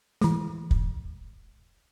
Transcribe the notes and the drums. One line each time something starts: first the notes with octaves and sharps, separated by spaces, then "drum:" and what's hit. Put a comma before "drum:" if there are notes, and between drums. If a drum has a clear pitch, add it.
E3 G#3, drum: snare
drum: kick